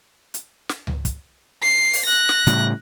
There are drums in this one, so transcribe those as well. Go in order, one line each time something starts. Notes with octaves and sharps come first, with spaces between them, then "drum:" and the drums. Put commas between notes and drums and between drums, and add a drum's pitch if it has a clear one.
drum: hi-hat
drum: snare
drum: tom C#2
drum: kick, hi-hat
C7
drum: open hi-hat
F#6 A#6
drum: snare
A2 C#3 G3, drum: hi-hat